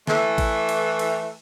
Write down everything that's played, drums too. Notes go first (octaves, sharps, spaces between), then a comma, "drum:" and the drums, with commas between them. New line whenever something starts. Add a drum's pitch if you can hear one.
E3 A3, drum: snare
drum: kick A1, cymbal
drum: cymbal
drum: cymbal